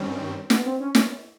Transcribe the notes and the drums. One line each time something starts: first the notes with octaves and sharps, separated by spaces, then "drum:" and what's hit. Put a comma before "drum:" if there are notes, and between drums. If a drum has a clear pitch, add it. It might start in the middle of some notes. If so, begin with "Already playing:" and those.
Already playing: G2 D#3 G3 C4 C#4
B3, drum: snare
C4
C#4
C#4, drum: snare